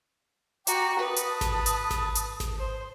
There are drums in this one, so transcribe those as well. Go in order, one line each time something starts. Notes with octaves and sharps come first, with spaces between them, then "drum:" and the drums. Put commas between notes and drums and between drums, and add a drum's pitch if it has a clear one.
F#4 G5 A#5 D6, drum: hi-hat
B4 A5 D#6
drum: hi-hat
drum: snare G#1
drum: hi-hat
drum: snare G#1
drum: hi-hat
drum: snare G#1
C5